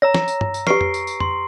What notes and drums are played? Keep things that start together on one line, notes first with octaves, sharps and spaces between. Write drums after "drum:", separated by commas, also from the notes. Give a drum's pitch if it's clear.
C#5 A#5 E6 A#6
drum: snare
drum: tambourine
drum: tom G2
drum: tambourine
G4 B4 C#6 C7 D7, drum: snare
drum: tom F2
drum: tambourine
drum: tambourine
C6, drum: tom F2